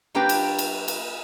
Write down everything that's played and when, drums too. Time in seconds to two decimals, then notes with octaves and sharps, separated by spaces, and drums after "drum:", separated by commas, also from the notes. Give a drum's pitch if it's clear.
0.15 F#3 A#3 D4 G4 B4 G5
0.29 drum: cymbal
0.59 drum: cymbal
0.88 drum: cymbal